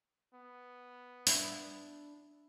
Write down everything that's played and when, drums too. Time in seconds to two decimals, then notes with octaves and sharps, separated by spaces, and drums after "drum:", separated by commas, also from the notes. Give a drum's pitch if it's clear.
0.34 B3
1.27 D4 E4, drum: open hi-hat